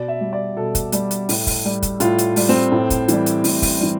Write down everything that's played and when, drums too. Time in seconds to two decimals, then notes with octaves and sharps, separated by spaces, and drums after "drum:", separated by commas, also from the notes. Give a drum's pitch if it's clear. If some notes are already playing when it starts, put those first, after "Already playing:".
Already playing: B2 D5
0.08 E5
0.21 G3
0.33 D5
0.56 B2 A4
0.75 drum: kick, hi-hat
0.92 G3, drum: hi-hat
1.11 drum: hi-hat
1.29 A2, drum: open hi-hat
1.47 drum: kick, open hi-hat
1.65 G3
1.82 drum: kick, hi-hat
2.00 A2 F4, drum: hi-hat
2.18 drum: hi-hat
2.36 G3, drum: open hi-hat
2.49 C4
2.72 A2
2.90 drum: kick, hi-hat
3.08 E3 G3, drum: hi-hat
3.26 drum: hi-hat
3.44 A2, drum: open hi-hat
3.62 drum: kick, open hi-hat
3.80 E3 G3